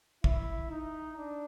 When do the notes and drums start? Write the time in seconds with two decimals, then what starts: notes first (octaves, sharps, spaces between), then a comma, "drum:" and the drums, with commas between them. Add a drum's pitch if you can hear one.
0.24 E4, drum: kick
0.71 D#4
1.17 D4